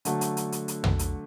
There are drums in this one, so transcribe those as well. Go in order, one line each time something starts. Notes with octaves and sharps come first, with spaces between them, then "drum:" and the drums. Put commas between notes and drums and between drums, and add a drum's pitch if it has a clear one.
D3 F#3 A3, drum: hi-hat
drum: hi-hat
drum: hi-hat
drum: hi-hat
drum: hi-hat
drum: tom
drum: hi-hat